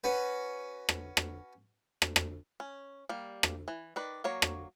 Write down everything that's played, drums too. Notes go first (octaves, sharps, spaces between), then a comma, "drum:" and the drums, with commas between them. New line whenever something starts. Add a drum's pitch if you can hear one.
C#4 F#4 B4
drum: rim click
drum: rim click
drum: rim click
drum: rim click
C#4
G3 A#3
drum: rim click
E3
D#3 B4 D5
F#3 A#3 C#5
drum: rim click